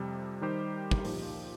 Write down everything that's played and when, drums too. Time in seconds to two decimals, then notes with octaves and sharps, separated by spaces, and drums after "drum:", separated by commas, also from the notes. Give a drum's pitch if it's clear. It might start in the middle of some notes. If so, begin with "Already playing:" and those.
Already playing: F2 C3 G3
0.41 D#3 G3 D#4 G4 C5
0.91 drum: kick
1.05 A#2 F3 D#4 G4, drum: open hi-hat